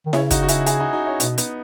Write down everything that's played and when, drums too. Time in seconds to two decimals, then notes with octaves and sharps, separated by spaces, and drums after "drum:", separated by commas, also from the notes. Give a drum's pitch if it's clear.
0.06 D#3
0.13 C#3 C#4 E4, drum: snare E4
0.31 D#4 F#4, drum: kick, hi-hat
0.43 F#4
0.49 E4 G#4, drum: hi-hat
0.66 E4 G#4, drum: hi-hat
0.80 D#4 F#4
0.93 D#4 F#4
1.06 C#4 E4
1.20 B2 B3 D#4, drum: hi-hat
1.38 B3 D#4, drum: hi-hat